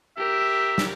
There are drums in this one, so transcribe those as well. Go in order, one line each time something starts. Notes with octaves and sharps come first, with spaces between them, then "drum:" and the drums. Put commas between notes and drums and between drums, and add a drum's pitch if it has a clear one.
G4 A#4 E5
drum: snare